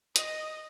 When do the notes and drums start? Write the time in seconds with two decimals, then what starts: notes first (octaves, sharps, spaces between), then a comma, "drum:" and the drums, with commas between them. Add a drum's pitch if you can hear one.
0.16 D#5, drum: hi-hat